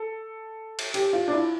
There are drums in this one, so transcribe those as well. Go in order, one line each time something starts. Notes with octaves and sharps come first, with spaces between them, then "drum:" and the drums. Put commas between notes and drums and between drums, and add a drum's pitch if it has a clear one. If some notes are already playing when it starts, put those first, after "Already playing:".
Already playing: A4
drum: cymbal
G4, drum: cymbal
F4
D4
E4